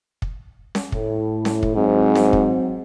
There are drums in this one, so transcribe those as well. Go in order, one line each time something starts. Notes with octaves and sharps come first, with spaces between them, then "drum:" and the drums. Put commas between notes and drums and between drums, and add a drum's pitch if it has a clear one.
drum: kick
drum: snare C#4
A2, drum: kick
drum: snare C#4
drum: kick
G#2 F#3 C4
drum: snare C#4
drum: kick